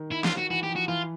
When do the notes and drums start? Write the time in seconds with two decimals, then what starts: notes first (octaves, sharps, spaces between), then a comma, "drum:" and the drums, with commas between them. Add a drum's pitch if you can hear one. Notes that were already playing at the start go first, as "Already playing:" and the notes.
Already playing: D#3
0.12 E4
0.24 F4, drum: snare
0.38 F#4
0.50 E3 F#4
0.63 G4
0.69 F3
0.76 F#4
0.88 E3 F4